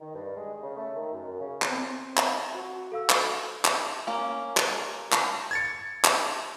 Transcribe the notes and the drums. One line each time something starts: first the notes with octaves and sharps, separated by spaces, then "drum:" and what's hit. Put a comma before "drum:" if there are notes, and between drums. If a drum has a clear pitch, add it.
D#3
G2
G#3
C#3
A3
D#3
F#2
C#3
drum: clap
C4
drum: clap
F#4
A4 F5 E6
drum: clap
drum: clap
A#3 C#4
drum: clap
drum: clap
G#6 A6 C#7
drum: clap